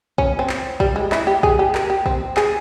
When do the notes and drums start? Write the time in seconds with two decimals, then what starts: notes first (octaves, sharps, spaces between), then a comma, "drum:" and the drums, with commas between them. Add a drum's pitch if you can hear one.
0.18 C#4, drum: kick
0.39 C4
0.49 drum: clap
0.80 G3, drum: kick
0.96 G#3
1.12 E4, drum: clap
1.27 G4
1.43 G#4, drum: kick
1.59 G4
1.75 A#4, drum: clap
1.90 G4
2.06 C4, drum: kick
2.37 G#4, drum: clap